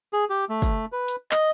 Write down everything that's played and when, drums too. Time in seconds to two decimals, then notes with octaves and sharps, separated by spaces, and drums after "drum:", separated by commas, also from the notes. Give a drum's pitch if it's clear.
0.13 G#4
0.30 G4
0.49 A3
0.62 drum: kick, hi-hat
0.92 B4
1.08 drum: hi-hat
1.31 D#5, drum: clap